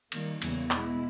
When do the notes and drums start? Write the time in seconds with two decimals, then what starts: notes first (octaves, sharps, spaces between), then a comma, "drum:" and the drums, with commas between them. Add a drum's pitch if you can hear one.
0.12 D#3 G3 A#3, drum: cymbal
0.42 E2 C#3 E3 G3 A#3, drum: cymbal
0.71 B2 G#3 B3 E4, drum: clap